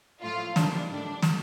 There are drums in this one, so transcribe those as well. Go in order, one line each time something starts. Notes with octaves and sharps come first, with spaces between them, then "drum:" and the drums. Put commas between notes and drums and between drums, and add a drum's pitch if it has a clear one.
A2 F3 A3 F4
C3 D#3 G3 D4, drum: snare
A2 G3 D4
drum: snare